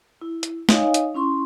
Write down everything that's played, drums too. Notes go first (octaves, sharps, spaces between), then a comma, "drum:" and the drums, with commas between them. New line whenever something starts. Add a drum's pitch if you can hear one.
E4
drum: hi-hat
D#4 C#5 D#5 F5 G#5, drum: snare
drum: hi-hat
C#4 E4 C6 C#6